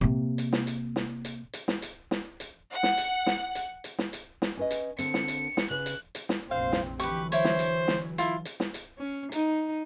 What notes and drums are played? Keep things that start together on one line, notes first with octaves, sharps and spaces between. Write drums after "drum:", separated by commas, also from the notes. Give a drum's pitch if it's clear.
C3 A#3
drum: hi-hat
drum: snare
drum: hi-hat
drum: snare
drum: hi-hat
drum: hi-hat
drum: snare
drum: hi-hat
drum: snare
drum: hi-hat
F#5
drum: snare
drum: hi-hat
drum: snare
drum: hi-hat
drum: hi-hat
drum: snare
drum: hi-hat
drum: snare
C#4 B4 D#5
drum: hi-hat
D3 C4 C#7, drum: hi-hat
drum: snare
drum: hi-hat
drum: snare
C#3 B4 F#6
drum: hi-hat
drum: hi-hat
drum: snare
F1 A#1 C4 C5 F5
drum: snare
D3 E3 F#3 G4 B4 C#6, drum: hi-hat
E4 C5 C#5, drum: hi-hat
drum: snare
drum: hi-hat
drum: snare
E4 F4, drum: hi-hat
drum: hi-hat
drum: snare
drum: hi-hat
C#4
D#4, drum: hi-hat